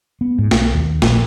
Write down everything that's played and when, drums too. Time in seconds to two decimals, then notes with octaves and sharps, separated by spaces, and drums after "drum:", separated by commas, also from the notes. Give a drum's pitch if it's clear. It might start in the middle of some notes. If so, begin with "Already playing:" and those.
0.21 B3
0.38 G#2
0.51 B1, drum: snare
0.74 D#2
1.02 A#1, drum: snare